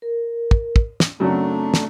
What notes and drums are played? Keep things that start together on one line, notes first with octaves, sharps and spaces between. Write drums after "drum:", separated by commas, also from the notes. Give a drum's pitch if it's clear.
A#4
drum: kick
drum: kick
drum: snare
F#2 C#3 F#3 A3 C4 D4 A#5
drum: snare